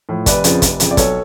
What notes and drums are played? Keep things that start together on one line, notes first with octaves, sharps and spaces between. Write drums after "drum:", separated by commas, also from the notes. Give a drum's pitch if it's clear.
A2 F3
F1 B4 D5, drum: kick, hi-hat
F2 C#3 F3, drum: hi-hat
F1, drum: kick, hi-hat
F2 C#3 F3, drum: hi-hat
D5
B1 A4 C#5, drum: kick, hi-hat